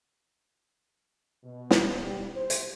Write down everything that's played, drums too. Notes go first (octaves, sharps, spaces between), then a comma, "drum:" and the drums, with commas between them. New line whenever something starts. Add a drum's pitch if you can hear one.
B2
drum: snare
G3
C5
drum: hi-hat